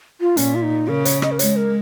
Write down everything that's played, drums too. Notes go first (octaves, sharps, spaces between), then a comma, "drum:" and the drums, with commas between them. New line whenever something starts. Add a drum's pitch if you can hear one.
F4
A#2 C#4, drum: hi-hat
F4
D#4
C#3 A#4
C#5, drum: hi-hat
D#5, drum: rim click
A#4
G#3 C#5, drum: hi-hat
A#4